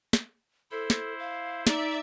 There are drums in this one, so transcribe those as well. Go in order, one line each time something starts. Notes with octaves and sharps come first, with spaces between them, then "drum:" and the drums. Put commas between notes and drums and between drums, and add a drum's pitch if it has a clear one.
drum: snare
E4 A4 C5
drum: snare
F5
D#4 D5 E5, drum: snare